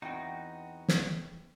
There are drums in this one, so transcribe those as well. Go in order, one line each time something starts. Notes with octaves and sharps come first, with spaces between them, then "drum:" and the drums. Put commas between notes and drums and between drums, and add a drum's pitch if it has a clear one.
E2 C4 D#4 F#4 G5
drum: snare